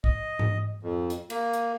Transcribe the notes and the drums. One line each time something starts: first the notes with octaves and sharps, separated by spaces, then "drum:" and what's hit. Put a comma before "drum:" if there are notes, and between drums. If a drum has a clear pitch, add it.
D#5, drum: kick
drum: tom G#2
F2
drum: hi-hat
A#3, drum: cymbal
drum: hi-hat